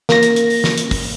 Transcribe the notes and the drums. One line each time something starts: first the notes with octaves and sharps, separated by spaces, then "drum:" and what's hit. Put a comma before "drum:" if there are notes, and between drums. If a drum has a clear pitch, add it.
A#3 A#6, drum: snare
drum: hi-hat
drum: hi-hat
drum: open hi-hat
drum: snare
drum: hi-hat
drum: kick, open hi-hat